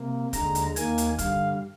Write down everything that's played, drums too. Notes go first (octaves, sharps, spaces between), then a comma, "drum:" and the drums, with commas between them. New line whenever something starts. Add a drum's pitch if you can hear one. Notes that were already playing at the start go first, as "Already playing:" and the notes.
Already playing: C3 A#3
D#2 D3 G#3 A#5, drum: kick, hi-hat
drum: hi-hat
D#2 D#3 A#3 G#5, drum: hi-hat
drum: hi-hat
G2 D3 G3 F5, drum: kick, hi-hat